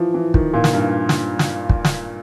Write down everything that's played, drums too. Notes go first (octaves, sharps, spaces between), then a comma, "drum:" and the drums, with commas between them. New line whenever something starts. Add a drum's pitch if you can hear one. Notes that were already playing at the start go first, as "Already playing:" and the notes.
Already playing: E3 F3
E3
D#3, drum: kick
A#2
drum: snare
G2
drum: snare
drum: snare
drum: kick
drum: snare